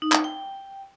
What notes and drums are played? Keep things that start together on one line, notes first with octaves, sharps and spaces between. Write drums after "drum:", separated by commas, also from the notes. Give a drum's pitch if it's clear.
D#4
drum: clap
G5